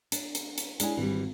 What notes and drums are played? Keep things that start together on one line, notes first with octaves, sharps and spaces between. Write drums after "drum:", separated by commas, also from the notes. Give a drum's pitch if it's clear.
D4, drum: hi-hat
drum: hi-hat
drum: hi-hat
G#3 C#4 D4 E4 G#5, drum: hi-hat
G#1 E3 G3